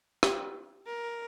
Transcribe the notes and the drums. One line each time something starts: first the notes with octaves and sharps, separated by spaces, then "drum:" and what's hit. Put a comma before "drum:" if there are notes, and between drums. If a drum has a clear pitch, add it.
G4, drum: rim click
A#4